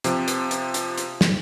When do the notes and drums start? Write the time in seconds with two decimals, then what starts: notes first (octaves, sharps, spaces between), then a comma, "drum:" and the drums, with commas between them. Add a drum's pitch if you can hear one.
0.04 C3 F3, drum: hi-hat
0.28 drum: hi-hat
0.51 drum: hi-hat
0.74 drum: hi-hat
0.98 drum: hi-hat
1.21 drum: snare